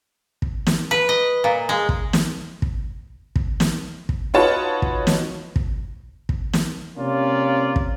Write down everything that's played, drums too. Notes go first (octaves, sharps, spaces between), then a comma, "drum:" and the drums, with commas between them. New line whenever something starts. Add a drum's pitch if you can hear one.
drum: kick
drum: snare
B4
D#5
A#2
G#3
drum: kick
drum: snare
drum: kick
drum: kick
drum: snare
drum: kick
D#4 F4 F#4 B4 C#5 A5
drum: kick
drum: snare
drum: kick
drum: kick
drum: snare
C3 A#3 C#4 F4 D5
drum: kick